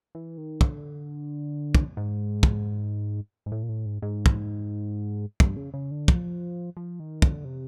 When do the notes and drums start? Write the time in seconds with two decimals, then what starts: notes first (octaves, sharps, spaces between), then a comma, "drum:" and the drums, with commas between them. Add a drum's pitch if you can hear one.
0.15 E3
0.38 D#3
0.61 D3, drum: kick
1.75 drum: kick
1.97 G#2
2.43 drum: kick
3.46 G#2
3.52 A2
3.63 A#2
3.69 A2
3.86 G#2
4.02 G#2
4.26 drum: kick
5.40 G2, drum: kick
5.56 C#3
5.74 C#3
5.91 D3
6.08 F3, drum: kick
6.77 F3
7.00 D#3
7.22 D3, drum: kick
7.45 C3